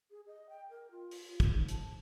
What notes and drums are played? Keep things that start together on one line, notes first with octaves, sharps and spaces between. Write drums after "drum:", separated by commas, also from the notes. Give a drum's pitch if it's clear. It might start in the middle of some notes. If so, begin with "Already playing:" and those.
G#4
D#5
G5
A#4
F4
drum: open hi-hat
F4
drum: kick, hi-hat
D#4
A5, drum: hi-hat